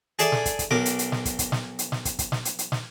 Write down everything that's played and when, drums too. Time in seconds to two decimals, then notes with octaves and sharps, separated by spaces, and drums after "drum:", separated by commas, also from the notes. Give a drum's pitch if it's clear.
0.19 G#4 A4 D5 E5, drum: hi-hat
0.32 drum: snare
0.46 drum: kick, hi-hat
0.59 drum: kick, hi-hat
0.71 B1 A#4 D6, drum: snare
0.85 drum: hi-hat
0.99 drum: hi-hat
1.12 drum: snare
1.25 drum: kick, hi-hat
1.39 drum: kick, hi-hat
1.52 drum: snare
1.79 drum: hi-hat
1.92 drum: snare
2.05 drum: kick, hi-hat
2.19 drum: kick, hi-hat
2.32 drum: snare
2.45 drum: hi-hat
2.59 drum: hi-hat
2.72 drum: snare